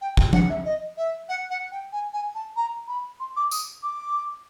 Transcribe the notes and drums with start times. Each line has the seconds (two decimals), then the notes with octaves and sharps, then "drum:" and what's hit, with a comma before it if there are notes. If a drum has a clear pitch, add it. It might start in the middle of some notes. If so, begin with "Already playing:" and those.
0.01 G5
0.17 G5, drum: kick
0.33 F#5, drum: tom F3
0.49 E5
0.65 D#5
0.97 E5
1.29 F#5
1.50 F#5
1.71 G5
1.92 G#5
2.13 G#5
2.35 A5
2.56 A#5
2.88 B5
3.20 C6
3.36 D6
3.51 D#6, drum: tambourine
3.83 D6